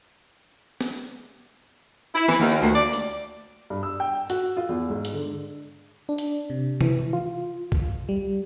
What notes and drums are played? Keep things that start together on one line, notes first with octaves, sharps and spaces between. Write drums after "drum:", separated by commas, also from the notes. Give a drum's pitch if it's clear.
drum: snare
E4
E3, drum: snare
D#2
D2
D5
drum: hi-hat
G2
E6
G5
F#4, drum: hi-hat
F4
E2
G#2
drum: hi-hat
D3
D4
drum: hi-hat
C3
E3, drum: tom C3
F4
drum: kick B1
G3